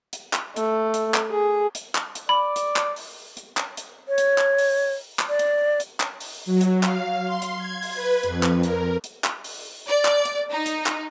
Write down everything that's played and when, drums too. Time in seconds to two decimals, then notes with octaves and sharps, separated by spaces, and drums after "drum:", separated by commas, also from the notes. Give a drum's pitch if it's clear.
0.13 drum: hi-hat
0.33 drum: clap
0.56 A3, drum: hi-hat
0.94 drum: hi-hat
1.14 drum: clap
1.31 G#4
1.75 drum: hi-hat
1.95 drum: clap
2.15 drum: hi-hat
2.29 D5 B5
2.56 drum: hi-hat
2.76 drum: clap
2.96 drum: open hi-hat
3.37 drum: hi-hat
3.57 drum: clap
3.77 drum: hi-hat
4.08 C#5
4.18 drum: hi-hat
4.38 drum: clap
4.58 drum: open hi-hat
5.19 drum: clap
5.29 D5
5.39 drum: hi-hat
5.80 drum: hi-hat
6.00 drum: clap
6.20 drum: open hi-hat
6.46 F#3
6.61 drum: hi-hat
6.83 F5, drum: clap
7.26 C6
7.42 drum: hi-hat
7.58 G#6
7.82 drum: open hi-hat
7.94 B4
8.23 F2, drum: hi-hat
8.43 drum: clap
8.63 A#4, drum: hi-hat
9.04 drum: hi-hat
9.24 drum: clap
9.44 drum: open hi-hat
9.88 D5
10.05 drum: clap
10.25 drum: hi-hat
10.52 D#4
10.66 drum: hi-hat
10.86 drum: clap